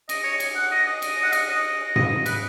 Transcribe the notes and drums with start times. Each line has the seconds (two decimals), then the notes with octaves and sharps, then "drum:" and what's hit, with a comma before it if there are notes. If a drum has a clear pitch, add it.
0.09 D#5, drum: cymbal
0.24 C#5
0.40 drum: cymbal
0.55 F#5
0.72 D#5
0.86 D#5
1.02 drum: cymbal
1.23 F#5
1.33 D#5, drum: cymbal
1.48 D#5
1.96 D#5, drum: tom G#2
2.26 B4, drum: cymbal